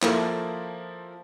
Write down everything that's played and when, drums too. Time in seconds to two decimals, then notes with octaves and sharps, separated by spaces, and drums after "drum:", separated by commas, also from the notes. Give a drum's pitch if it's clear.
0.02 F3 A#3 E4 A4 C5, drum: clap